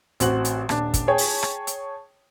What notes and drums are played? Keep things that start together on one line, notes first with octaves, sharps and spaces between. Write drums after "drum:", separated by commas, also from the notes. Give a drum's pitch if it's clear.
A1 C4 F#4 F#7, drum: hi-hat
drum: hi-hat
D#1 D4, drum: rim click
drum: kick, hi-hat
G#4 C#5 G5 A5
drum: open hi-hat
drum: rim click
drum: hi-hat